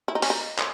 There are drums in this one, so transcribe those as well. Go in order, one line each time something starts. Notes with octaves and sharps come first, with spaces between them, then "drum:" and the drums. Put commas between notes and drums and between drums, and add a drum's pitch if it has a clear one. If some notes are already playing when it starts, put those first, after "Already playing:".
E4
D#4
C#4, drum: open hi-hat
D#4
drum: clap